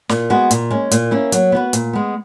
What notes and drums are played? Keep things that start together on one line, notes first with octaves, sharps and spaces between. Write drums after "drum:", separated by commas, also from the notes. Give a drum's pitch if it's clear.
A#2, drum: snare
G#3 B3 F#4
A#2, drum: hi-hat
G#3 C#4
A#2, drum: hi-hat
A#3 C#4 E4
F#3, drum: hi-hat
B3 F#4 B4
A#2, drum: hi-hat
G#3 B3